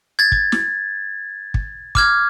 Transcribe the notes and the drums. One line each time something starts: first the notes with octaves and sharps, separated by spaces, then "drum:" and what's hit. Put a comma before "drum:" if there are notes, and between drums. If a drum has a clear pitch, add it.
G#6 A6
drum: kick
drum: snare
drum: kick
D6 F6 G#6, drum: kick